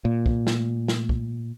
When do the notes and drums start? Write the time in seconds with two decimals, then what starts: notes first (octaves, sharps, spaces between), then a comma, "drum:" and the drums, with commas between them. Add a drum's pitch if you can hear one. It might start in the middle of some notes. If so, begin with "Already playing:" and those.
0.05 A#2
0.26 drum: kick
0.47 drum: snare
0.88 drum: snare
1.09 drum: kick